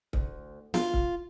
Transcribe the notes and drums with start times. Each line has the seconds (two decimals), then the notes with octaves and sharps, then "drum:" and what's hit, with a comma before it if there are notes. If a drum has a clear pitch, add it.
0.13 D2, drum: kick C#1
0.74 F4, drum: snare
0.93 drum: kick C#1